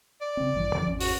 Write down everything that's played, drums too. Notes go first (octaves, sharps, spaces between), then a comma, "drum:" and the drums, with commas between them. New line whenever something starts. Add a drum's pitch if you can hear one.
D5
C#3 C4
A1 G2 E3
F2 D3 F3
G#1 E2 C#4
F#4, drum: open hi-hat